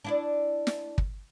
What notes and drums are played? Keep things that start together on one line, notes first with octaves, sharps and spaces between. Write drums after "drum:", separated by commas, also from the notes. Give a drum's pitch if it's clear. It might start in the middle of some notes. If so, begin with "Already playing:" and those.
D4 E4 D5
drum: snare
drum: kick